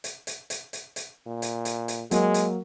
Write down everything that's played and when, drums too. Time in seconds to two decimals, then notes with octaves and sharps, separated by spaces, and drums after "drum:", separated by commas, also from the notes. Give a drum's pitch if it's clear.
0.04 drum: hi-hat
0.27 drum: hi-hat
0.50 drum: hi-hat
0.73 drum: hi-hat
0.96 drum: hi-hat
1.27 A#2
1.42 drum: hi-hat
1.65 drum: hi-hat
1.88 drum: hi-hat
2.11 F#3 G#3 A#3, drum: hi-hat
2.34 drum: hi-hat